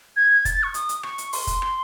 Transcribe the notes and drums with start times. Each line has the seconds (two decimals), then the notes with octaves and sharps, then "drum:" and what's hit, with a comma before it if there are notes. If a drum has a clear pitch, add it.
0.16 G#6
0.45 A6, drum: kick, hi-hat
0.63 C#6
0.74 D#6, drum: hi-hat
0.89 drum: hi-hat
1.03 C#6, drum: rim click
1.18 drum: hi-hat
1.33 C6, drum: open hi-hat
1.47 drum: kick, hi-hat
1.62 drum: rim click